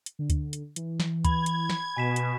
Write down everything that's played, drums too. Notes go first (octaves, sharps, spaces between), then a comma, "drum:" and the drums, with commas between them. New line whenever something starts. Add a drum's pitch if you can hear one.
drum: hi-hat
D3
drum: kick D2, hi-hat
drum: hi-hat
E3, drum: hi-hat
drum: snare
B5 G#6, drum: kick D2, hi-hat
drum: hi-hat
drum: snare
B2 G#5 B6 E7
drum: hi-hat